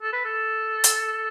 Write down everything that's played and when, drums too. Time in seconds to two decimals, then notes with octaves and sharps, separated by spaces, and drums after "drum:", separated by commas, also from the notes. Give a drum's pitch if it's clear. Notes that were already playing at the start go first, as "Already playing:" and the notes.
0.02 A4
0.13 B4
0.25 A4
0.84 drum: hi-hat